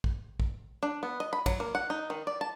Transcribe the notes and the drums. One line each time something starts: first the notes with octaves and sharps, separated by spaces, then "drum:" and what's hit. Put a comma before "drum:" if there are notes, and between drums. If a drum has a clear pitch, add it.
drum: kick
drum: kick
D4
B3
D#5
B5
F#3, drum: kick, cymbal
A#3
F#5
D#4
D#3
D5
A5